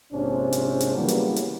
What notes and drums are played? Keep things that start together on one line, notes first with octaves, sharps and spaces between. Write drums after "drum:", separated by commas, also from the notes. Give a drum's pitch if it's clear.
A#1 G#2 C3 C#4 D4 C5
drum: hi-hat
drum: hi-hat
C#3 E3 F#3 G3 A#3 B3
drum: hi-hat
drum: hi-hat